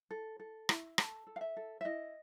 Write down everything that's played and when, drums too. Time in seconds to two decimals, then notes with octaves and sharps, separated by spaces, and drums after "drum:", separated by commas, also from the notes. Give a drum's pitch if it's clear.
0.11 A4
0.40 A4
0.69 E4, drum: rim click
0.98 A4 A5, drum: rim click
1.27 A4
1.36 F5
1.41 E5
1.57 A4
1.81 E5
1.85 E4 D#5